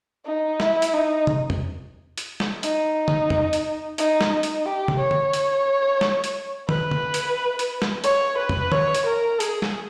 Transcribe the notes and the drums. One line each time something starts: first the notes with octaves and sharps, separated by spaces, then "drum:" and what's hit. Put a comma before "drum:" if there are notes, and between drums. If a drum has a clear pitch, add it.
D#4
E4, drum: snare
drum: hi-hat
D#4
drum: tom
drum: tom
drum: hi-hat
drum: snare
D#4, drum: hi-hat
drum: tom
drum: tom
drum: hi-hat
D#4, drum: hi-hat
drum: snare
D#4
drum: hi-hat
G4
drum: tom
C#5
drum: tom
drum: hi-hat
drum: snare
drum: hi-hat
B4, drum: tom
drum: tom
drum: hi-hat
drum: hi-hat
drum: snare
C#5, drum: hi-hat
B4
drum: tom
C#5, drum: tom
drum: hi-hat
A#4
G#4, drum: hi-hat
drum: snare